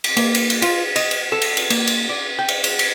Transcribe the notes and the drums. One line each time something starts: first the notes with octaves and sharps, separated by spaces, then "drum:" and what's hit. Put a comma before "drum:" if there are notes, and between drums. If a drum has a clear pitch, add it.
drum: cymbal
A#3, drum: cymbal
drum: cymbal
drum: cymbal
F4, drum: cymbal
D#5, drum: cymbal
drum: cymbal
A4
drum: cymbal
drum: cymbal
A#3, drum: cymbal
drum: cymbal
D5
G5
drum: cymbal
drum: cymbal
drum: cymbal